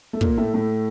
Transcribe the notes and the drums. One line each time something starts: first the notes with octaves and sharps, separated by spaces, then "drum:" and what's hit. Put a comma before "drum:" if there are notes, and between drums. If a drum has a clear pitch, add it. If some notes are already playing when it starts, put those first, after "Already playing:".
A3
A#2 A#3, drum: kick
A2 A3
A2 A3